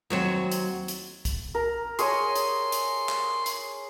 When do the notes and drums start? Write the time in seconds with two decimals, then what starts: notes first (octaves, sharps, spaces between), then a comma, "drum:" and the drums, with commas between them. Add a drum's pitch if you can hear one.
0.10 D#2 F#3 C4
0.52 drum: hi-hat
0.88 drum: hi-hat
1.25 drum: kick, hi-hat
1.55 A#4
1.99 G#4 C#5 G#5 C6, drum: hi-hat
2.36 drum: hi-hat
2.72 drum: hi-hat
3.09 drum: clap
3.46 drum: hi-hat